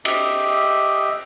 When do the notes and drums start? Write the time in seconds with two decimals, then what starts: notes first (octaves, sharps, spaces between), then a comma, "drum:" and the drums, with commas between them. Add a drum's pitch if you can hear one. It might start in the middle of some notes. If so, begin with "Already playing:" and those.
0.05 G4 D#5 E5, drum: cymbal